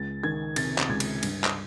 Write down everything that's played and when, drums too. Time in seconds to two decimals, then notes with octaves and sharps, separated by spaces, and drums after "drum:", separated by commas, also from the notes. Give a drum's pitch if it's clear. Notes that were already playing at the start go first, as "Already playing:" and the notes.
Already playing: C#2 A6
0.23 D#3 G#6
0.56 C3 A6, drum: cymbal
0.78 drum: clap
0.89 C#2 G#6
1.00 drum: cymbal
1.23 G2, drum: cymbal
1.44 drum: clap